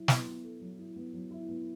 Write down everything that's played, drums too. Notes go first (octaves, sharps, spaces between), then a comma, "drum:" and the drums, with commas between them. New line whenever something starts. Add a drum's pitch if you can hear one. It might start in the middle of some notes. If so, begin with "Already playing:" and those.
Already playing: F#3 E4
B3, drum: snare
B3
A4
F#3
E4
B3
F#3
E4
B3